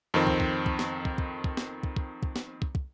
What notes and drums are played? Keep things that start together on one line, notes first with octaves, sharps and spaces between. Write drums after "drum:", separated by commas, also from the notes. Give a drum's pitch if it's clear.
F2 D#3 C4
drum: kick
drum: kick
drum: kick
drum: snare
drum: kick
drum: kick
drum: kick
drum: snare
drum: kick
drum: kick
drum: kick
drum: snare
drum: kick
drum: kick